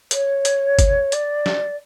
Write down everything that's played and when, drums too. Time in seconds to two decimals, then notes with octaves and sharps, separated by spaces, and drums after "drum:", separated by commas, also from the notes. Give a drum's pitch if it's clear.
0.11 C#5, drum: hi-hat
0.45 drum: hi-hat
0.79 drum: kick, hi-hat
1.12 D5, drum: hi-hat
1.46 drum: snare